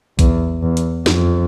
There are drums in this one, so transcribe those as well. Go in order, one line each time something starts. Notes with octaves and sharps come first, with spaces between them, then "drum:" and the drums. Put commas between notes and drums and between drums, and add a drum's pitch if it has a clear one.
E2, drum: kick A#1, hi-hat
E2
drum: hi-hat
F2, drum: snare